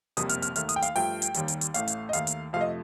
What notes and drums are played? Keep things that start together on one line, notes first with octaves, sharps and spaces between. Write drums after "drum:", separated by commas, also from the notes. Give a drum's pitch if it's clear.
G1 F2 C3 G3 A#3 D#6, drum: hi-hat
F6, drum: hi-hat
F6, drum: hi-hat
D#2 D#3 A3 F6, drum: hi-hat
D#6, drum: hi-hat
G5
F5, drum: hi-hat
G2 F3 A3 G5, drum: open hi-hat
drum: hi-hat
D#2 D#3 G3, drum: hi-hat
drum: hi-hat
drum: hi-hat
A1 A2 A3 F5, drum: hi-hat
drum: hi-hat
D#5
D#2 D#3 A3 F5, drum: hi-hat
drum: hi-hat
F2 C3 F3 A3 F5
D#5